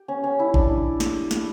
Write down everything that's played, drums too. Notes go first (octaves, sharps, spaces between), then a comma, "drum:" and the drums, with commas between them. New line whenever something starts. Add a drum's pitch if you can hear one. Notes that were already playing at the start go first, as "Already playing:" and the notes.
Already playing: G4
C#4
C#4
E4
D4, drum: kick G#1
drum: snare
drum: snare